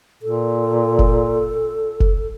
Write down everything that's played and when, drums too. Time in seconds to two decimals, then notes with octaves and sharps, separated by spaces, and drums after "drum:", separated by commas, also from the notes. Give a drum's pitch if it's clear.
0.23 A#2 A4
0.99 drum: kick F1
2.00 drum: kick F1